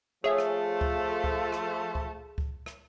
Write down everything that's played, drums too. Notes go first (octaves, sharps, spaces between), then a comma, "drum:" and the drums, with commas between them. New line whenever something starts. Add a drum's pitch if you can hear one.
F3 A3 G#4 C#5 E5 G#5
drum: rim click
drum: kick C#2
drum: kick C#2
drum: rim click
drum: kick C#2
drum: kick C#2
drum: rim click